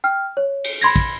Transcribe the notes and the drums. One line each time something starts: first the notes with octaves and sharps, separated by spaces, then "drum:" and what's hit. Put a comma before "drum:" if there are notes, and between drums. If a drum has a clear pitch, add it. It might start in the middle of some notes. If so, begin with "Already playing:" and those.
G5 F6
C#5
drum: cymbal
B5 C6 G#6 A#6, drum: cymbal
drum: kick